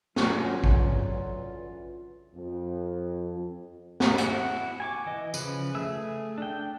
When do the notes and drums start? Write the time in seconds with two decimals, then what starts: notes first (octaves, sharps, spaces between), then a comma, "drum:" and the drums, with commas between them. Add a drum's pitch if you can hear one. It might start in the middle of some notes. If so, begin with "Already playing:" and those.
0.16 D3 E3 F#3 C#4 F4 F#4 G#4, drum: snare
0.64 drum: kick A1
2.35 F2
4.00 drum: snare
4.18 E4 F#4 F#5, drum: hi-hat
4.80 G#5 C#6 D6
5.06 E3 D#5
5.34 C#3 F3 B4, drum: tambourine
5.75 A3 G#4 E5 E6
6.38 D4 G5